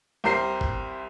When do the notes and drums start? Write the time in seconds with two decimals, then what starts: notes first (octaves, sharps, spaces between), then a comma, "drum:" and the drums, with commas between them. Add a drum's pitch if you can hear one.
0.24 C2 G4 A#4 C5 C7
0.61 drum: kick